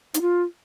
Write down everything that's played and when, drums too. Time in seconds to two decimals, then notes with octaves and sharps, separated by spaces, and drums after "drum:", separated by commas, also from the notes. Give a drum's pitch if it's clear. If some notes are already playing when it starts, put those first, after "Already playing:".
0.14 D#4, drum: hi-hat
0.21 F4